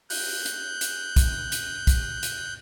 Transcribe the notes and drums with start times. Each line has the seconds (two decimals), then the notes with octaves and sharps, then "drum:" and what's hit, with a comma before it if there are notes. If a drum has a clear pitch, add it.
0.10 F#6 G6, drum: open hi-hat
0.46 drum: hi-hat
0.81 drum: hi-hat
1.16 drum: kick, hi-hat
1.52 drum: hi-hat
1.87 drum: kick, hi-hat
2.23 drum: hi-hat